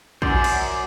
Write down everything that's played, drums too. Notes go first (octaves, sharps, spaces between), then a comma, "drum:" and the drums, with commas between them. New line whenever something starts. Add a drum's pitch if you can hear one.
F#2 C5 D5, drum: kick
drum: cymbal